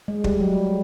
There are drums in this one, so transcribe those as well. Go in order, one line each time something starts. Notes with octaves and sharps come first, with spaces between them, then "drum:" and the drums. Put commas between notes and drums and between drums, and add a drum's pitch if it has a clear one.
G#3
G3, drum: kick
F#3